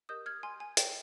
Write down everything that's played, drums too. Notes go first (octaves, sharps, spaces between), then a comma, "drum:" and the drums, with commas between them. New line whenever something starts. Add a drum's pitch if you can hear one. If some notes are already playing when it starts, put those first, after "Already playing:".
G4 A#4 D#5 D#6 G6
F6 G#6
G#5 C6
G#5
G5, drum: hi-hat